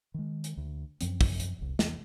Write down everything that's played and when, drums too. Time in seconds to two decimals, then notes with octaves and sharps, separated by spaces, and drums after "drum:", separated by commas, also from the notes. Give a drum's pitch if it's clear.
0.14 D#3 G#3
0.44 drum: hi-hat
0.57 D2
1.01 F#2 F3 C4, drum: hi-hat
1.21 drum: kick, open hi-hat
1.40 drum: hi-hat
1.59 E1 C2
1.79 E2, drum: snare